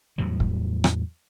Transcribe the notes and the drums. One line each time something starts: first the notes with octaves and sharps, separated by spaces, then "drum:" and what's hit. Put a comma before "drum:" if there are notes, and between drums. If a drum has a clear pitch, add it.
E2 A2 F#3 G3
drum: kick
drum: rim click